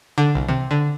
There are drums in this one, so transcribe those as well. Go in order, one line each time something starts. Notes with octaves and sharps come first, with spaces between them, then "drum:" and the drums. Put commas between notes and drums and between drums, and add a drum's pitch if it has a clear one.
D3
C2
C3, drum: tom D3
D3